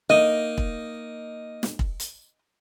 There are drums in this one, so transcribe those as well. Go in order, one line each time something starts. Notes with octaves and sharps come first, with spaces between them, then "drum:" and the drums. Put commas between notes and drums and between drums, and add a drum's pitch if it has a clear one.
A#3 D#4 D#5
drum: kick
drum: snare
drum: kick
drum: hi-hat